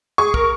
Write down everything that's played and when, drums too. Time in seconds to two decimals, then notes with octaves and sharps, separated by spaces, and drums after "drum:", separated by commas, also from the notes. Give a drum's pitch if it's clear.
0.18 G#4 C#6
0.34 A#4, drum: kick